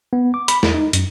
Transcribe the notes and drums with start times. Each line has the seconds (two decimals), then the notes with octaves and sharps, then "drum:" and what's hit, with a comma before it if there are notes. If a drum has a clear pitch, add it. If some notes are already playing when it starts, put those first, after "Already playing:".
0.13 B3
0.34 D6
0.48 B5, drum: hi-hat
0.63 E2, drum: snare
0.74 D#4
0.93 F#2, drum: hi-hat